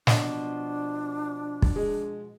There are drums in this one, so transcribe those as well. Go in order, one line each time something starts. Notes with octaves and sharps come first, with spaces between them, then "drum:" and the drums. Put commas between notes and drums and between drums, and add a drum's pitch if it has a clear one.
B2 F3 D4, drum: snare
drum: kick
G#3